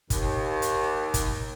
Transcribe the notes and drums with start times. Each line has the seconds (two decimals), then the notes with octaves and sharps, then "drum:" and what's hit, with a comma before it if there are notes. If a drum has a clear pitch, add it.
0.10 D#2, drum: kick G1, hi-hat
0.62 drum: hi-hat
1.14 drum: kick G1, hi-hat